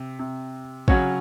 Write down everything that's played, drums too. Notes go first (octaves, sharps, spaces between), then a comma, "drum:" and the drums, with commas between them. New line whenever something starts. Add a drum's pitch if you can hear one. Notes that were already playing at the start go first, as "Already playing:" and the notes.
Already playing: C3
C3
C#3 F#3 C#4 F#4 C#5, drum: kick